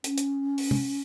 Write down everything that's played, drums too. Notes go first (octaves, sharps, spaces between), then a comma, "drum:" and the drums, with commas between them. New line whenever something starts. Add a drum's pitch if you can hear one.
C#4, drum: hi-hat
drum: hi-hat
drum: open hi-hat
drum: tom